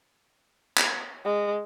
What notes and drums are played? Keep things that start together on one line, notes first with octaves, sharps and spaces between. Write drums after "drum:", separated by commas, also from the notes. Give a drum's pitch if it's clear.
drum: clap
G#3